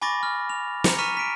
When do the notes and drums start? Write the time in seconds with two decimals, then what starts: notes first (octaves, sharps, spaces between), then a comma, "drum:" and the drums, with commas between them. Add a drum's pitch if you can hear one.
0.02 G#5 B5 C#6 D6 A6 A#6
0.23 F6
0.50 F7
0.84 A#5 C#7 F7, drum: snare
0.98 A#5 C#6 F6 B6 D#7 E7
1.17 B6 D7